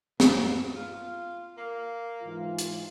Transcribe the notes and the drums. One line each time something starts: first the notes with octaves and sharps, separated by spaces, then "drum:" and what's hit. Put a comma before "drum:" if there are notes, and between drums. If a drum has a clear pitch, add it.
B2, drum: snare
F4
A#3
G#2 E3 F4
drum: hi-hat